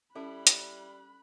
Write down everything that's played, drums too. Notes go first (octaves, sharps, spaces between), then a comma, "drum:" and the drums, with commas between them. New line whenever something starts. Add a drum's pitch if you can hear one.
G3 C#4 E4 A4 A5 B5 F#6
drum: hi-hat